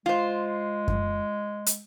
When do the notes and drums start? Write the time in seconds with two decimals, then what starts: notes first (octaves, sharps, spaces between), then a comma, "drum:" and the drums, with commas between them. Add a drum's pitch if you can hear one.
0.06 G#3 F4 C5
0.88 drum: kick F#2
1.66 drum: hi-hat